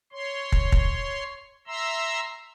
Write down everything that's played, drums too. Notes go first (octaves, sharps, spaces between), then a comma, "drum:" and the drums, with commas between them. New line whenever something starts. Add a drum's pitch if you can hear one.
C#5 C6
drum: kick
drum: kick
E5 A#5 C6 E6